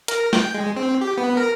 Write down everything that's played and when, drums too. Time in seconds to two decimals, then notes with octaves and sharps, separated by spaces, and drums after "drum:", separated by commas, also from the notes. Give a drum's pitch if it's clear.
0.08 A#4, drum: hi-hat
0.33 G5, drum: snare
0.54 G#3
0.77 C4
1.01 G4
1.18 B3
1.37 A#4